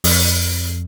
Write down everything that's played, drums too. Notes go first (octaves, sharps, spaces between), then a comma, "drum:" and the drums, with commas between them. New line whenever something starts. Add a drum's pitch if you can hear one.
F2, drum: open hi-hat